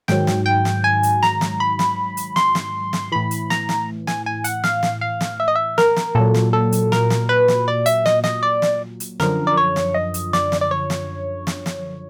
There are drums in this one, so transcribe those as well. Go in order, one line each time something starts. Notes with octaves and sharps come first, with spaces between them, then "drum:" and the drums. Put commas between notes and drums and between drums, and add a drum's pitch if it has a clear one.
G#2 D#3 F#3 G5, drum: snare
drum: snare
G5
drum: snare
G#5
drum: hi-hat
A#5, drum: snare
drum: snare
B5
drum: snare
drum: hi-hat
C6, drum: snare
drum: snare
drum: snare
A2 E3 B5
drum: hi-hat
A#5, drum: snare
drum: snare
G#5, drum: snare
G#5
F#5, drum: hi-hat
F5, drum: snare
drum: snare
F5
drum: snare
E5
D#5
E5
A#4, drum: snare
drum: snare
A#2 F#3 A4
drum: snare
A4
drum: hi-hat
A#4, drum: snare
drum: snare
B4
drum: snare
D5
E5, drum: hi-hat
D#5, drum: snare
D#5, drum: snare
D5
drum: snare
drum: hi-hat
F#2 D3 F3 A#4, drum: snare
D5
C#5
drum: snare
D#5
drum: hi-hat
D5, drum: snare
drum: snare
D5
C#5
drum: snare
drum: snare
drum: snare